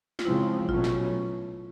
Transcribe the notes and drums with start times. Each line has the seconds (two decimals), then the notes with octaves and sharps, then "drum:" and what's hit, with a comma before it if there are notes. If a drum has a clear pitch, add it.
0.19 F4, drum: snare
0.25 C#3 F3 G#3 C4 E4
0.68 B2 F#3 A3 C#4 F4, drum: kick G#1
0.84 drum: snare